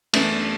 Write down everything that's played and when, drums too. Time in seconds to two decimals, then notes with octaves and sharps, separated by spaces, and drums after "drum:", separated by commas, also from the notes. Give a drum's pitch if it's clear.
0.13 F#2 E3 A3 B3 D4, drum: cymbal